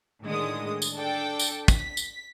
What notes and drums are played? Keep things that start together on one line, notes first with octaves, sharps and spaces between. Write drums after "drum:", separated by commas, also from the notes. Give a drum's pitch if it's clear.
A2 D3 D#3 G#3 D#6
drum: tambourine
D4 A4 G5
drum: tambourine
B6, drum: kick, tambourine
drum: tambourine